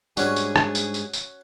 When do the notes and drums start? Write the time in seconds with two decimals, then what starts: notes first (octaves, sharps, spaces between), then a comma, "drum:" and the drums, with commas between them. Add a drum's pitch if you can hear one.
0.17 G#2 G3 C#4 D4 F#4 G#4, drum: tambourine
0.36 drum: tambourine
0.56 drum: rim click
0.75 drum: tambourine
0.94 drum: tambourine
1.13 drum: tambourine